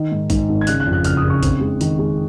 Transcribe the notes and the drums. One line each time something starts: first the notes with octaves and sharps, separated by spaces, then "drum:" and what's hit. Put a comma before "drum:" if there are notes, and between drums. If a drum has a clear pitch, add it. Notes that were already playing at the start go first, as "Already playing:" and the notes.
Already playing: D#3 D#4
G#2
G#2, drum: kick, hi-hat
G#1
G#6
C#3 F#6, drum: hi-hat
F#6
F2
F#6
F#1 F6, drum: hi-hat
D#6
C#3
C#6
C4, drum: kick, hi-hat
G#3
D#3, drum: hi-hat
G#3